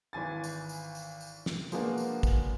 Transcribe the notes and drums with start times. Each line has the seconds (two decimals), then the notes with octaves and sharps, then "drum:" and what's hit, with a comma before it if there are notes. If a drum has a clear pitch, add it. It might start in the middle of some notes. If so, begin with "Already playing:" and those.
0.13 G#1 E3 G#5 A6
0.44 drum: tambourine
0.69 drum: tambourine
0.95 drum: tambourine
1.21 drum: tambourine
1.46 drum: snare
1.72 F3 G#3 A#3 B3 D4 F#4, drum: tambourine
1.98 drum: tambourine
2.23 drum: kick, tambourine